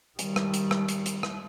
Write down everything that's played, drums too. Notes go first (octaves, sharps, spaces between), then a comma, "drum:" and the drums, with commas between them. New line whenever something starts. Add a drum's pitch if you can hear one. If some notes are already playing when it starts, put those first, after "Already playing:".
D#3 G3, drum: hi-hat
drum: rim click
drum: hi-hat
drum: rim click
drum: hi-hat
drum: hi-hat
drum: rim click